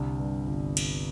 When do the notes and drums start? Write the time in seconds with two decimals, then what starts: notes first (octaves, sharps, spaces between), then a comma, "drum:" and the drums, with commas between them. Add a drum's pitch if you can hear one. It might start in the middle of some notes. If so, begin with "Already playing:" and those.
Already playing: C2 D3
0.19 G2
0.48 G1
0.77 drum: cymbal